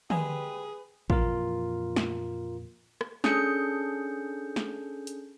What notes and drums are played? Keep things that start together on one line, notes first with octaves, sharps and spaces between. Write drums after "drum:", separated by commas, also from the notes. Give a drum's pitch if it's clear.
G3 G#3 A#3 C4 G#4 B4 D#5 G#5, drum: tom
F2 A#2 E3 F4 A#4, drum: kick
drum: snare
drum: rim click
C#4 D4 G#4 A4 G6 C#7, drum: snare
drum: snare
drum: hi-hat